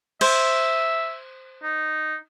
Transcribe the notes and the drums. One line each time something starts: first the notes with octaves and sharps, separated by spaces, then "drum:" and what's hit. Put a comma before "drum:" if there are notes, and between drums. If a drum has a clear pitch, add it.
C5 E5, drum: cymbal
D#4